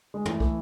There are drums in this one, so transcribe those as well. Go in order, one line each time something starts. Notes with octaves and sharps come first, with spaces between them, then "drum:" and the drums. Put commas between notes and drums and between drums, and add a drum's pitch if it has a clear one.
G#3
E3 A3, drum: tom
A3, drum: kick